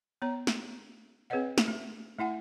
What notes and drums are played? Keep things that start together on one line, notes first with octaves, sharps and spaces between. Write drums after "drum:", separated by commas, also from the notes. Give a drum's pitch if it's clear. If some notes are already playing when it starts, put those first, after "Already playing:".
B3 C#5 A#5
drum: snare
C4 G#4 B4 C#5 D#5 F#5
drum: snare
A3
A3 E4 F#5 G#5